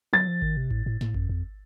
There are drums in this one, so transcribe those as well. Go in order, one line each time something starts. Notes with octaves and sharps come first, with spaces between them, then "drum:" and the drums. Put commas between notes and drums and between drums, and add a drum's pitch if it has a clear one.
F#3 A6
F3
D#3, drum: kick G#1
C3
A2, drum: kick G#1
A2
A2, drum: snare
F#2, drum: kick G#1
F2